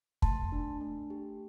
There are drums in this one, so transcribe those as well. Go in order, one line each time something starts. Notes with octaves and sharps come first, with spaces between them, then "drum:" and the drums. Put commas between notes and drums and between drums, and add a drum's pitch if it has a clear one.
A3 A5 C6, drum: kick
D4
A3
G4